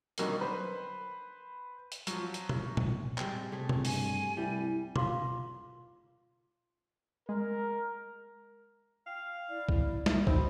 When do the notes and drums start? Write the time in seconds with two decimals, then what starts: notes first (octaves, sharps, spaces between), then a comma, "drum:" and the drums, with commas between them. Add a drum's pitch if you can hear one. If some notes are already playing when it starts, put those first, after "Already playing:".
0.18 B2 D3 D#3 F#3 G3 A#3, drum: hi-hat
0.41 B4 C5
1.92 drum: hi-hat
2.07 F3 F#3, drum: hi-hat
2.34 drum: hi-hat
2.49 drum: tom B2
2.77 drum: tom A#2
3.18 G3 G#3 C4, drum: clap
3.52 C3 A3 G#4
3.69 drum: tom B2
3.85 G2 G#5, drum: open hi-hat
4.37 C2 G3 E4
4.96 F4 F5 C6 D6, drum: tom B2
7.29 G#3 A#4
9.07 F5 G5
9.49 E4 D5
9.69 drum: kick
10.06 A#3 E5, drum: snare
10.27 C4 D#4 F#4 B5, drum: kick